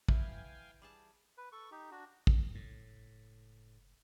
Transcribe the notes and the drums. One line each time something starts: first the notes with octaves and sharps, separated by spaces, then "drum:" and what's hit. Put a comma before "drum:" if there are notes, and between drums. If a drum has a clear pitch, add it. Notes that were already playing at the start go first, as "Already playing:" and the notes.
E3 E4 F5 G5 G#5, drum: kick
G3 G#4 A5
B4
A4 C#6
D#4 G4
D4 F#4
drum: kick
F#1 A2